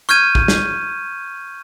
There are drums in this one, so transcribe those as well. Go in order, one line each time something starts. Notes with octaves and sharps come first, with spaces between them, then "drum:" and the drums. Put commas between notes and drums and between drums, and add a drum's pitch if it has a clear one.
C#6 F6 G6 G#6 D#7
drum: kick
drum: snare